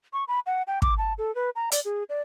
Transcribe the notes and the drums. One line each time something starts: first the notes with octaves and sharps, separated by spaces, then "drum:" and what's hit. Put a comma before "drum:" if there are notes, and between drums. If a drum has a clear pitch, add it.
C#6
B5
F#5
G5
D6, drum: kick
A5
A4
B4
A#5
D5, drum: hi-hat
G#4
D5